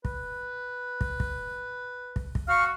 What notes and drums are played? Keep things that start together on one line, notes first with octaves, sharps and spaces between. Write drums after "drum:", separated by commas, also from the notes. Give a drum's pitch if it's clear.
B4, drum: kick
drum: kick
drum: kick
drum: kick
drum: kick
F#4 F5 C#6 F6